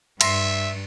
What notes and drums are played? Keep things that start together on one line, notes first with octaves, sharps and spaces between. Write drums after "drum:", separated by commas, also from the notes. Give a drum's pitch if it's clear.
G2 E5 C6 A#6 C7, drum: cymbal